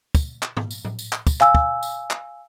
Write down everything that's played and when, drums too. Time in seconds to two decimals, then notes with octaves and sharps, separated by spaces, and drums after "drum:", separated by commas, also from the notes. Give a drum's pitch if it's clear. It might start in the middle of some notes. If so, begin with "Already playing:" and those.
0.15 drum: kick, tambourine
0.43 drum: clap
0.57 drum: tom G#2
0.71 drum: tambourine
0.85 drum: tom A2
0.99 drum: tambourine
1.13 drum: clap
1.27 drum: kick, tambourine
1.41 F5 G#5 E6, drum: clap
1.55 drum: kick
1.83 drum: tambourine
2.11 drum: clap